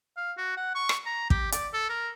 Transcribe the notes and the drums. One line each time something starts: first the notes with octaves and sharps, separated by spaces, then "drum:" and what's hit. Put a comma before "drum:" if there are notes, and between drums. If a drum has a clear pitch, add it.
F5
F#4
F#5
C#6
drum: rim click
A#5
G4, drum: kick
D5, drum: hi-hat
A4
A#4